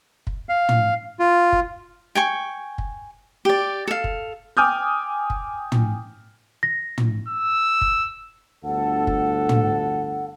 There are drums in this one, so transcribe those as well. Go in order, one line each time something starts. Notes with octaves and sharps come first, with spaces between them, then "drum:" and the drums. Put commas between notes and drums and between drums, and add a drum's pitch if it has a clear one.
drum: kick
F5
drum: tom
F4
drum: kick
G5 G#5 C#6
drum: kick
G4 D5
A4 F5
drum: kick
G5 G#5 D6 D#6 F6 G6
drum: kick
drum: tom
A#6
drum: tom
E6
drum: kick
G1 D2 A4 F#5
drum: kick
drum: tom